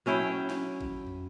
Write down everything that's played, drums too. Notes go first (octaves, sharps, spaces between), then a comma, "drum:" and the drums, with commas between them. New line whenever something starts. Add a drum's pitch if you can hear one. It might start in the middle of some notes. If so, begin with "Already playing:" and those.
F#3 C#4 E4 G5
drum: snare
drum: kick G#1
drum: tom